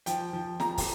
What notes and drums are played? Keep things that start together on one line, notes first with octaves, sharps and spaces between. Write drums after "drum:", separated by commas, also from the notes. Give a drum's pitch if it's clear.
F3 G5, drum: hi-hat
F3
F3 A#5, drum: snare
drum: kick, open hi-hat